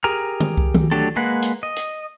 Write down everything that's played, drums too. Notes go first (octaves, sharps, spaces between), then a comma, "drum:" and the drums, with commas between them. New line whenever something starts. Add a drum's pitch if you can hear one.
G4 G#4 A#4 A#5 F6
drum: tom D3
drum: kick C2
drum: tom D#3
F#3 A3 D4 G4 A4
G#3 A#3 B4 F#5
drum: hi-hat
D#5
drum: hi-hat